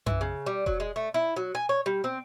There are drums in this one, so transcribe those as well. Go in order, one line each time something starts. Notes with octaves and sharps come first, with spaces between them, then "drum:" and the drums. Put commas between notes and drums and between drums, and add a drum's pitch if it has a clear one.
E3, drum: tom F#2
C#3
G3
F#3, drum: kick F1
G#3
A3
E4
F#3
G#5
C#5
G3
C4